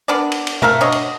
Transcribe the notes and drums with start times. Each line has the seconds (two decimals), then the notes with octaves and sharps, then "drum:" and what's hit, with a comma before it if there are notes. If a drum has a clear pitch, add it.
0.08 B3 D4 A#4 D5
0.32 drum: cymbal
0.47 drum: cymbal
0.62 A3 A#4 E5 F5, drum: tom B2
0.81 B2 D4 C#5 D#5
0.92 drum: cymbal